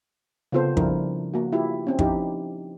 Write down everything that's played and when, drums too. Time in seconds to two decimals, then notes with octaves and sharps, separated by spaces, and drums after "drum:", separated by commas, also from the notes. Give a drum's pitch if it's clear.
0.52 C#3 B3 C4 F4 A4 C5
0.77 F3 G3 D4 E4 A#4, drum: kick
1.34 A#3 F#4
1.52 E4 F4 G4
1.87 C4 C#4
1.99 F3 D#4 E4 G4, drum: kick